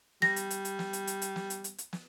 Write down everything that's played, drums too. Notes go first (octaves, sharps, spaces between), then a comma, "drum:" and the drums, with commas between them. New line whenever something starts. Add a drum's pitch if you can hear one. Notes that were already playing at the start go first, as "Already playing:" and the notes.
G3 A#6, drum: snare
drum: hi-hat
drum: hi-hat
drum: hi-hat
drum: snare
drum: hi-hat
drum: hi-hat
drum: hi-hat
drum: snare
drum: hi-hat
drum: hi-hat
drum: hi-hat
drum: snare